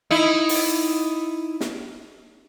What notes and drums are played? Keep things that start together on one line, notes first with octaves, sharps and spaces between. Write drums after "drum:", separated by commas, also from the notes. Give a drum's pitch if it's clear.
D#4 E4
drum: open hi-hat
drum: snare